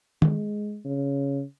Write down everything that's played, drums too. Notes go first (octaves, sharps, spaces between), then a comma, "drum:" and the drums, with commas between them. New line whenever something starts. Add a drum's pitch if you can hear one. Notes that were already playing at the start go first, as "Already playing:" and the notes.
G#3, drum: tom
C#3